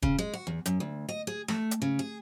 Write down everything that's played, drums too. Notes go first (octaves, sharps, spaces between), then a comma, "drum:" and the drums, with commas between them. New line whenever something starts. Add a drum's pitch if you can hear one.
C#3, drum: kick
G#3
F#4
E2
F#2, drum: hi-hat
D2
D#5
G#4
A3, drum: snare
drum: hi-hat
C#3
G#4